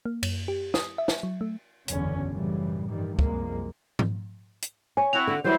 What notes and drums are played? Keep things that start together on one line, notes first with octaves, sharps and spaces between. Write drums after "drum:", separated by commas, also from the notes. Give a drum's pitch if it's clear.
A#3
F#2, drum: cymbal
G4
D#6, drum: snare
E5
drum: snare
F#3
A3
F#1 B1 E2 D3 C#4, drum: hi-hat
F#2 A2 C#3 E3 G3
G2 D#3 E3 G3
C2 F#2 F3 G#3 A#3, drum: kick
drum: tom G#2
drum: hi-hat
C#5 G#5
C4 E4 F#4 F7
D3
E3 F#3 G3 E4 C5